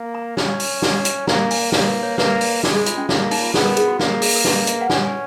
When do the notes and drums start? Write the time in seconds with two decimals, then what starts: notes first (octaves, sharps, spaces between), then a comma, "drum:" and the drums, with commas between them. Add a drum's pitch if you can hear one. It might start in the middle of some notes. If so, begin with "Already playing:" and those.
Already playing: A#3
0.14 A#5
0.37 C#4, drum: snare
0.60 drum: open hi-hat
0.82 drum: snare
1.05 drum: hi-hat
1.27 A#3 A#5, drum: snare
1.51 G#5, drum: open hi-hat
1.72 A#3 C#5, drum: snare
1.88 B4
2.03 C#5
2.18 A#3 B4, drum: snare
2.41 drum: open hi-hat
2.63 G#3, drum: snare
2.75 G#4
2.86 F4, drum: hi-hat
2.97 C#4
3.09 A#3 D#4, drum: snare
3.31 D#4, drum: open hi-hat
3.42 F4
3.54 B3 G#4, drum: snare
3.60 B4
3.65 A#4
3.77 G#4, drum: hi-hat
3.88 F#4
3.99 A#3, drum: snare
4.22 G#4, drum: open hi-hat
4.36 A#4
4.45 B4, drum: snare
4.67 drum: hi-hat
4.81 F#5
4.90 C#4 G#5, drum: snare
5.05 G#5